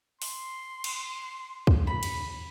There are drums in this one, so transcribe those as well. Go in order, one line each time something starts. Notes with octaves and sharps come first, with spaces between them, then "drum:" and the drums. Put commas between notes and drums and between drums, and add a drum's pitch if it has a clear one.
C6, drum: open hi-hat
drum: cymbal
drum: kick
B5
drum: cymbal